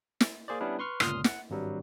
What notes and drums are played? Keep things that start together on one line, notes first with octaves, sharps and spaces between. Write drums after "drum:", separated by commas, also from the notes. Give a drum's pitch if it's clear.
drum: snare
A#3 G#4 C5 D5
G3 B3 C#4 D4 E4
B4 C6 C#6 F6
G1 C#2 A#2 C6 D#6 F6, drum: rim click
F#5, drum: snare
G#1 G2 F#3 G3